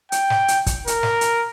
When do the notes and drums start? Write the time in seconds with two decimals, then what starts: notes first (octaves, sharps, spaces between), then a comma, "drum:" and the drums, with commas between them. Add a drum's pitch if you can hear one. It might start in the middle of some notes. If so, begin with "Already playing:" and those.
0.12 G5, drum: hi-hat
0.30 drum: snare
0.48 drum: hi-hat
0.66 drum: kick, hi-hat
0.87 A#4, drum: hi-hat
1.03 drum: snare
1.21 drum: hi-hat